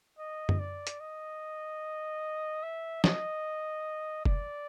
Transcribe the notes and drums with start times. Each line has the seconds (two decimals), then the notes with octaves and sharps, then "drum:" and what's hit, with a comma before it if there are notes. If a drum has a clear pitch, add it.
0.19 D#5
0.49 drum: tom F#2
0.59 D5
0.87 drum: hi-hat
1.00 D#5
2.63 E5
3.04 D#5, drum: snare
4.25 D5, drum: kick